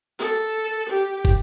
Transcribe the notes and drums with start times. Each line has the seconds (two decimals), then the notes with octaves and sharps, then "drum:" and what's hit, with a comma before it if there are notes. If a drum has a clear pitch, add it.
0.19 A4
0.90 G4
1.25 drum: kick